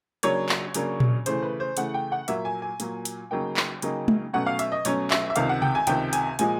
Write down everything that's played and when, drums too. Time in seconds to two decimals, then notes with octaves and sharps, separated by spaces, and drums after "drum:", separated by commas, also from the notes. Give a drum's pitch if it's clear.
0.23 C#3 F#3 A#3 D4 C#5, drum: hi-hat
0.49 drum: clap
0.74 C#3 F#3 A#3 D4, drum: hi-hat
1.00 drum: tom A#2
1.26 C#3 E3 A3 C5, drum: hi-hat
1.42 B4
1.60 C5
1.77 C#3 E3 A3 F#5, drum: hi-hat
1.94 G5
2.12 F#5
2.28 A#2 F#3 A#3 E5, drum: hi-hat
2.45 G#5
2.62 G#5
2.80 A#2 F#3 A#3, drum: hi-hat
3.05 drum: hi-hat
3.31 C#3 F#3 A#3 D#4 G5
3.57 drum: clap
3.82 C#3 F#3 A#3 D#4, drum: hi-hat
4.08 drum: tom
4.33 B2 F#3 A3 C#4 F#5
4.46 F5
4.59 E5, drum: hi-hat
4.72 D#5
4.85 B2 F#3 A3 C#4 C#5, drum: hi-hat
5.11 E5, drum: clap
5.30 E5
5.36 C#2 C3 D#3 F5, drum: hi-hat
5.49 F#5
5.62 G5, drum: tom C3
5.75 G#5
5.87 C#2 C3 D#3 G5, drum: hi-hat
6.13 G#5, drum: hi-hat
6.39 A#2 F3 G#3 G#5, drum: hi-hat